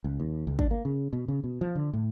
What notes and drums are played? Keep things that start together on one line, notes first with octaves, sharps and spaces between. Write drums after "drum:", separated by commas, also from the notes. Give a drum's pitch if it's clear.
C#2
D#2
C#2
D4, drum: kick
A#3
C#3
B2
C#3
B2
F3
D3
A2